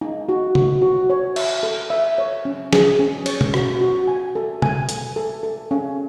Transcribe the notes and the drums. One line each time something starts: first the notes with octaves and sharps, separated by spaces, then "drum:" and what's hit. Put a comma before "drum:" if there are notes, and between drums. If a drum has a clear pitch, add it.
D#4
F#4
F#4, drum: tom
F#4
C#5
E5, drum: cymbal
A4
E5
C#5
C#4
G#4, drum: snare
C#4
C#5, drum: cymbal
drum: tom B2
F#4, drum: rim click
F#4
G#5
A4
G#5, drum: tom B2
G#5, drum: hi-hat
A4
A4
C#4